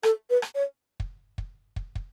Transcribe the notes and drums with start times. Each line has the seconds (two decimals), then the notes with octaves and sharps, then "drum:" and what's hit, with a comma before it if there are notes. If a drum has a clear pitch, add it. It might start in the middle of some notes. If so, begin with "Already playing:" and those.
0.03 A4, drum: rim click
0.30 B4
0.42 drum: rim click
0.55 C#5
1.00 drum: kick
1.38 drum: kick
1.76 drum: kick
1.95 drum: kick